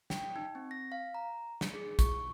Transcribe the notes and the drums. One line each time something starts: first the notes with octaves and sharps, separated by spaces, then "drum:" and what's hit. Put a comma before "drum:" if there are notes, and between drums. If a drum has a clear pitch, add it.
G5, drum: snare
D#4
C4
A#6
F5
A#5
drum: snare
G#4
C#6, drum: kick, hi-hat